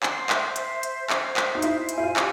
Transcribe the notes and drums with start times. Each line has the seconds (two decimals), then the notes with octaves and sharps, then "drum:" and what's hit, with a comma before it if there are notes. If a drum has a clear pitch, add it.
0.03 C5, drum: clap
0.30 E5, drum: clap
0.56 C5, drum: hi-hat
0.83 E5, drum: hi-hat
1.10 C5, drum: clap
1.37 E5, drum: clap
1.55 D#4
1.62 E4 C5, drum: hi-hat
1.89 G#5, drum: hi-hat
1.98 E4
2.03 F4
2.16 G4, drum: clap